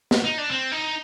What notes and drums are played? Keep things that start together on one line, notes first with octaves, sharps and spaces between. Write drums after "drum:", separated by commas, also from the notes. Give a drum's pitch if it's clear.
drum: snare
D#4
D4
C4
D#4